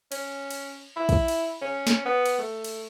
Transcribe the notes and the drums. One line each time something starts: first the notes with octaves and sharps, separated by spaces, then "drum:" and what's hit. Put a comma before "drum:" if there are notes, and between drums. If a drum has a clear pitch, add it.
C#4, drum: cymbal
drum: cymbal
E4
drum: kick, cymbal
drum: cymbal
C#4
drum: snare
B3
drum: cymbal
A3
drum: cymbal